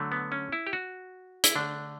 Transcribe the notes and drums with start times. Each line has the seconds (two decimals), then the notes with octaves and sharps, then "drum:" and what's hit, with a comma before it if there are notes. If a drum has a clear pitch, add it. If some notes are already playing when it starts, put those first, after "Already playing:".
Already playing: D3 F#3 A3
0.12 B3
0.32 C#4
0.52 E4
0.67 G4
0.73 F#4
1.44 E4, drum: hi-hat
1.55 D3 A3 D4